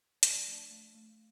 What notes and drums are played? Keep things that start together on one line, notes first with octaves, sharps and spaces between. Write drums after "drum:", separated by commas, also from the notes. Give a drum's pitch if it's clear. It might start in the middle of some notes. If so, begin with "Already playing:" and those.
F3 D4, drum: hi-hat
A3
A3
A3